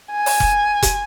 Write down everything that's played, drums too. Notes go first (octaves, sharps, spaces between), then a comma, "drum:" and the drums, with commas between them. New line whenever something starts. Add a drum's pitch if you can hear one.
G#5
drum: open hi-hat
drum: kick F1
drum: kick F1, hi-hat